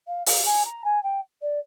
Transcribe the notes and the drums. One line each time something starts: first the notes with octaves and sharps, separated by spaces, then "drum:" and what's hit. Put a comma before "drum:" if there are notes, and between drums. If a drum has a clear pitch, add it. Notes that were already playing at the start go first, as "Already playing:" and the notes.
F5
F5, drum: open hi-hat
G#5
A#5
G#5
G5
D5